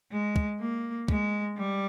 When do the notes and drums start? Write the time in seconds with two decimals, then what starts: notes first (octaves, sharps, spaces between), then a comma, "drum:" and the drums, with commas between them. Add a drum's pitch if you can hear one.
0.11 G#3
0.36 drum: kick
0.60 A#3
1.08 G#3, drum: kick
1.58 G3